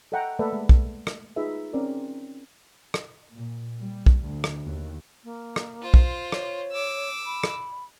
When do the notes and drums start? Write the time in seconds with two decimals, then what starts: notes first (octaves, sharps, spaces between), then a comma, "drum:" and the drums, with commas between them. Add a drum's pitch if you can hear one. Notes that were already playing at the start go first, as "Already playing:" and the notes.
0.12 A4 D#5 E5 F#5 G5 A#5
0.39 A3 A#3 A4 B4 D5 E5
0.53 G#3
0.69 drum: kick
1.07 drum: rim click
1.36 D#4 F4 G#4 B4 E5
1.73 C4 C#4 A#4 D5
2.94 drum: rim click
3.32 A#2
3.82 G3
4.06 drum: kick
4.24 D2
4.44 drum: rim click
4.65 D#2
5.24 A#3
5.56 drum: rim click
5.82 F4 C5
5.94 drum: kick
6.32 C#5, drum: rim click
6.72 D6 E6
7.26 B5
7.44 drum: rim click